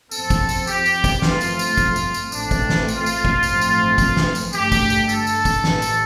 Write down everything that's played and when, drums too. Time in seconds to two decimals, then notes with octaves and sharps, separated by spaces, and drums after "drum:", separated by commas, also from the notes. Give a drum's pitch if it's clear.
0.11 F2 F3 C4 A4, drum: tambourine
0.30 drum: kick, tambourine
0.49 drum: tambourine
0.67 G4, drum: tambourine
0.86 drum: tambourine
1.04 drum: kick, tambourine
1.22 G2 F3 A3 C4 F4, drum: snare
1.41 drum: tambourine
1.59 drum: tambourine
1.77 drum: kick, tambourine
1.96 drum: tambourine
2.14 drum: tambourine
2.32 A1 A2 A3 C4 D4, drum: tambourine
2.51 drum: kick, tambourine
2.69 drum: snare
2.88 F4, drum: tambourine
3.06 drum: tambourine
3.25 drum: kick
3.43 A1 G2 F3 A3 C4, drum: tambourine
3.61 drum: tambourine
3.98 drum: kick, tambourine
4.17 drum: snare
4.35 drum: tambourine
4.53 G2 D3 A3 G4, drum: tambourine
4.72 drum: kick, tambourine
4.90 drum: tambourine
5.09 A4, drum: tambourine
5.27 drum: tambourine
5.45 drum: kick, tambourine
5.64 A1 A2 G3, drum: snare
5.82 drum: tambourine